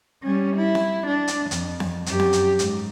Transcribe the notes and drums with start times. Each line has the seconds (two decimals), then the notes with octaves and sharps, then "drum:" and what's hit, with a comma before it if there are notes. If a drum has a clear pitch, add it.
0.23 G3 C#4
0.57 E4
0.75 drum: snare C4
1.08 D4
1.28 drum: hi-hat
1.51 F2, drum: hi-hat
1.80 drum: snare C4
2.06 F#2 G4, drum: hi-hat
2.20 drum: snare C4
2.33 drum: hi-hat
2.59 G#2, drum: hi-hat